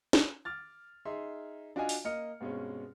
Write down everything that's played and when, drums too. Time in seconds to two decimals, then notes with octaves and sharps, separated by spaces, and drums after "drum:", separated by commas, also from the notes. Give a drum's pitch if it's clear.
0.13 drum: snare
0.45 D6 F6 A6
1.05 D#4 G#4 E5 C6
1.76 D4 F4 F#4 D#5 F5 G#5
1.89 drum: open hi-hat
2.04 A#3 D#5 F6 C#7
2.40 G2 B2 G#3 C4 C#4